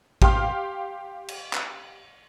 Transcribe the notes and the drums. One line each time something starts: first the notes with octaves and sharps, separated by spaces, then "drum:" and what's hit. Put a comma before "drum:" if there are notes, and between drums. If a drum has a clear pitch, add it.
G4 F5 G5 C6 F6, drum: kick A1
drum: cymbal
drum: clap